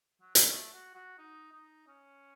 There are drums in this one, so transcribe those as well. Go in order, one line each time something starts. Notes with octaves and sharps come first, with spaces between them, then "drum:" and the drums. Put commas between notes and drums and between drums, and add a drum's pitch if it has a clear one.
F#3
G#3, drum: hi-hat
A3
F#4
F#4
D#4
D#4
C#4